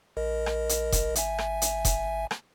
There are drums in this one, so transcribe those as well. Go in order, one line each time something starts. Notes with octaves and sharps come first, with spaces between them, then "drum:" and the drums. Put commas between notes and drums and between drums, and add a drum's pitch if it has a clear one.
A#1 A#4 D#5
drum: rim click
drum: hi-hat
drum: kick F1, hi-hat
G#1 E5 G#5, drum: hi-hat
drum: rim click
drum: hi-hat
drum: kick F1, hi-hat
drum: rim click